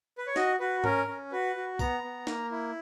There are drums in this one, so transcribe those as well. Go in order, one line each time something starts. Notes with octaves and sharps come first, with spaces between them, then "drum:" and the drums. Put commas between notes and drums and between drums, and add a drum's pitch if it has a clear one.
B4
C#5
F#4 D#5, drum: snare D#4
F#4 B4
C#4 A#4, drum: tom G#2
C#4
F#4 B4
F#4
B3 A#5, drum: kick B1, tambourine
B3
A#3, drum: snare D#4
E4